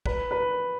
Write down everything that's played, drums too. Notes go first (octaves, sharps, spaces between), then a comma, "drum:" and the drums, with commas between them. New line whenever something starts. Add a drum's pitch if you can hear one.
B4, drum: kick
B4